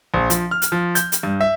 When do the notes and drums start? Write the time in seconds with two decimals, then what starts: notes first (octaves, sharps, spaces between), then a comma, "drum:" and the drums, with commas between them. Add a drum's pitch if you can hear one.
0.14 A#1
0.30 F3, drum: hi-hat
0.51 F6
0.62 drum: hi-hat
0.72 F3
0.95 G6, drum: hi-hat
1.12 drum: hi-hat
1.23 G2
1.41 E5